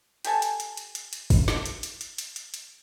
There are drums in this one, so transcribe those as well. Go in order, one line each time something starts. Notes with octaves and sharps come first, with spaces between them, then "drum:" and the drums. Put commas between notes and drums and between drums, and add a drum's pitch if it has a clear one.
G4 A4 G#5 A5, drum: hi-hat
drum: hi-hat
drum: hi-hat
drum: hi-hat
drum: hi-hat
drum: hi-hat
drum: kick, open hi-hat
drum: snare
drum: hi-hat
drum: hi-hat
drum: hi-hat
drum: hi-hat
drum: hi-hat
drum: hi-hat